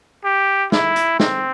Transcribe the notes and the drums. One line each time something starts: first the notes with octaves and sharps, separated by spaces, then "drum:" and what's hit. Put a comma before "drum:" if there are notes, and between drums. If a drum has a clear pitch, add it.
G4
E4, drum: snare
drum: hi-hat
C4, drum: snare